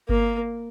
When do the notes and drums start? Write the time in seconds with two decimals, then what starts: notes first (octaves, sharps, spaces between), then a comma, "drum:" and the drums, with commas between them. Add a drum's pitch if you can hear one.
0.09 A#3, drum: kick G1